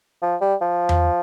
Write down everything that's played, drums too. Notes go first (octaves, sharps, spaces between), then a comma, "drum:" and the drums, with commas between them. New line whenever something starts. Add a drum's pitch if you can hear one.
F3
G3
F3
drum: tom E2